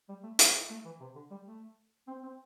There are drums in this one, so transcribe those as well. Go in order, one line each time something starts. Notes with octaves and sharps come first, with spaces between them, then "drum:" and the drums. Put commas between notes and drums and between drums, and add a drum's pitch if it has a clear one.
G3
A3
C4, drum: hi-hat
A3
E3
C3
D3
G3
A3
C4
C4